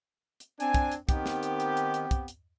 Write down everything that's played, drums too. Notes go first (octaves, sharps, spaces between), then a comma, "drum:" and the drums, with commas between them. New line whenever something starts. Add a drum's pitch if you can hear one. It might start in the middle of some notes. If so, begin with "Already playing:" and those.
drum: hi-hat
C4 D4 G#5, drum: hi-hat
drum: kick, hi-hat
drum: hi-hat
D#3 B3 C4 G4, drum: kick, hi-hat
drum: snare
drum: hi-hat
drum: hi-hat
drum: hi-hat
drum: hi-hat
drum: kick, hi-hat
drum: hi-hat